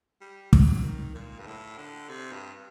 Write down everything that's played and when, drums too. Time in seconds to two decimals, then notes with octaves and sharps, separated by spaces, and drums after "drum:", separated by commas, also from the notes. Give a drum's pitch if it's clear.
0.21 G3
0.53 F#3, drum: kick
0.83 D#3
1.15 A#2
1.39 G2
1.46 A2
1.78 D3
2.09 C3
2.32 G2